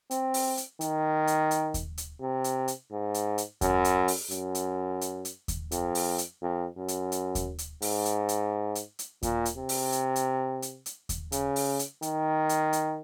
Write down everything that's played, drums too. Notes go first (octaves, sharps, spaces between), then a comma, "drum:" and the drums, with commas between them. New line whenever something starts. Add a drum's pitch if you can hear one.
C4, drum: hi-hat
drum: open hi-hat
drum: hi-hat
D#3, drum: hi-hat
drum: hi-hat
drum: hi-hat
drum: kick D#2, hi-hat
drum: hi-hat
C3
drum: hi-hat
drum: hi-hat
G#2
drum: hi-hat
drum: hi-hat
F#2, drum: kick D#2, hi-hat
drum: hi-hat
drum: open hi-hat
F#2, drum: hi-hat
drum: hi-hat
drum: hi-hat
drum: hi-hat
drum: kick D#2, hi-hat
F2, drum: hi-hat
drum: open hi-hat
drum: hi-hat
F2
F#2
drum: hi-hat
drum: hi-hat
drum: kick D#2, hi-hat
drum: hi-hat
G#2, drum: open hi-hat
drum: hi-hat
drum: hi-hat
drum: hi-hat
drum: hi-hat
A#2, drum: kick D#2, hi-hat
drum: hi-hat
C3
drum: open hi-hat
drum: hi-hat
drum: hi-hat
drum: hi-hat
drum: hi-hat
drum: kick D#2, hi-hat
C#3, drum: hi-hat
drum: open hi-hat
drum: hi-hat
D#3, drum: hi-hat
drum: hi-hat
drum: hi-hat